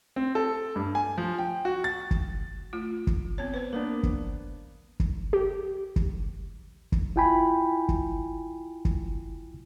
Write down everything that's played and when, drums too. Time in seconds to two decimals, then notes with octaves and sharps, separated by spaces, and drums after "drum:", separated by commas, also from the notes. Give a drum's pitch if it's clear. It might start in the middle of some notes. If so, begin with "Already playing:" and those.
0.16 C4
0.35 A4
0.76 G2
0.95 G#5
1.18 F3
1.39 G5
1.65 F#4
1.84 A6
2.11 drum: kick
2.73 A3 F4
3.07 drum: kick
3.38 B3 C4 C#5
3.54 B4 C5
3.73 A#3 B3 D4 A#4
4.03 drum: kick
5.00 drum: kick
5.33 G4
5.96 drum: kick
6.92 drum: kick
7.16 E4 F4 G5 G#5 B5
7.89 drum: kick
8.85 drum: kick